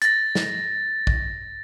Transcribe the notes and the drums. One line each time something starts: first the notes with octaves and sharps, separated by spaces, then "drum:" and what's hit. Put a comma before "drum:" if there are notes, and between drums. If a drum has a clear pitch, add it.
A6 A#6, drum: hi-hat
drum: snare
drum: kick